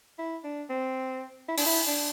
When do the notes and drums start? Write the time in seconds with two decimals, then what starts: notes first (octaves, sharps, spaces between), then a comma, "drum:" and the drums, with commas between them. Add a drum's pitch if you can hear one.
0.18 E4
0.44 D4
0.70 C4
1.48 E4
1.58 D4, drum: open hi-hat
1.66 E4
1.87 D4